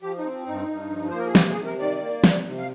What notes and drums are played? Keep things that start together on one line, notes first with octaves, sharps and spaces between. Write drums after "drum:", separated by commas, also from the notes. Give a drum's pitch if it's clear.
F3 G4
D#4
C4
G2 D#4
G2
F3
A#3 C5
A#4
G#4
C3 G4, drum: snare
G#4
C3
A#4
D#3 D5
A#3
C3, drum: snare
C3
F5